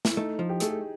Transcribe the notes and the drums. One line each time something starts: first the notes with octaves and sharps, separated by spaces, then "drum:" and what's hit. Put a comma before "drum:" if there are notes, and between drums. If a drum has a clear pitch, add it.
E4, drum: snare
A3 D#4
F3
G4
A3 G#4, drum: hi-hat
G4